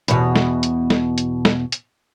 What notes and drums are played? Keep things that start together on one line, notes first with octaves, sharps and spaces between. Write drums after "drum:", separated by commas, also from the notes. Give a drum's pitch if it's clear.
E2 B2, drum: hi-hat
drum: snare
drum: hi-hat
drum: snare
drum: hi-hat
drum: snare
drum: hi-hat